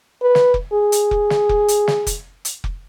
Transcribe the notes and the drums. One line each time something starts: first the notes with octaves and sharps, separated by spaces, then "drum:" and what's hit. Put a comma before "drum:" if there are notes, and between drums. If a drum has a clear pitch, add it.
B4
drum: snare
drum: kick F1
G#4
drum: hi-hat
drum: kick F1
drum: snare
drum: kick F1
drum: hi-hat
drum: snare
drum: kick F1, hi-hat
drum: hi-hat
drum: kick F1